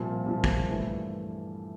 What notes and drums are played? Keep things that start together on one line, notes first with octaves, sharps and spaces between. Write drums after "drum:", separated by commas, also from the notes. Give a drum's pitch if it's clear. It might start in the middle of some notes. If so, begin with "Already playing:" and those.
Already playing: C2 A#2 F3
C2 A#2 F3
drum: kick
G2 E3 A3